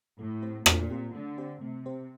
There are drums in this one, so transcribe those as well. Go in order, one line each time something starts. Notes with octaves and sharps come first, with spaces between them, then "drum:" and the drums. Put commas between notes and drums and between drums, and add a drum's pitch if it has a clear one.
A2 A3
C4 G4 C5
A#2 A3, drum: rim click
C4 G4 C5
D3 A3
C4 G4 C5
C3 A3
C4 G4 C5